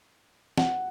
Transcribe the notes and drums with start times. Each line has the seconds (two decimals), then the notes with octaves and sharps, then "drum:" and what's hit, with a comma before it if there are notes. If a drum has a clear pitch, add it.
0.58 F#5, drum: snare